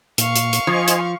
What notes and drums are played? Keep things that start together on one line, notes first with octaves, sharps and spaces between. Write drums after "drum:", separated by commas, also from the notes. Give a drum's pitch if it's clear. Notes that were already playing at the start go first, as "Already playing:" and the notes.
A#2 F5 C#6, drum: hi-hat
drum: hi-hat
drum: hi-hat
F3 C5 D#5 G#5
drum: hi-hat